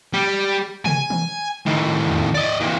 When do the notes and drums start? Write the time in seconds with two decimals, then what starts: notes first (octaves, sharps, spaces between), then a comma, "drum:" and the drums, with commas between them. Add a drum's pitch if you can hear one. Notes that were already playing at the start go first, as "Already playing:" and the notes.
0.14 G3 G4
0.86 G#5, drum: tom C3
1.10 drum: tom D#3
1.66 A2 D#3
2.08 drum: tom E2
2.35 D5 D#5
2.60 E3 A#3